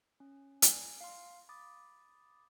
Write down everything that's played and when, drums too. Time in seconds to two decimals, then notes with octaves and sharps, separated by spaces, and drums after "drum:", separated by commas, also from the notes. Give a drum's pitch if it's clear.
0.20 C#4
0.62 G#5, drum: hi-hat
1.01 F5 C6
1.49 B5 D6 D#6 A6